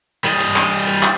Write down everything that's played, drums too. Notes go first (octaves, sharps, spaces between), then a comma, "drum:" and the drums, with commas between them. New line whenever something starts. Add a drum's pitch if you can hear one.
G3 D#5, drum: hi-hat
drum: hi-hat
drum: clap
drum: hi-hat
drum: clap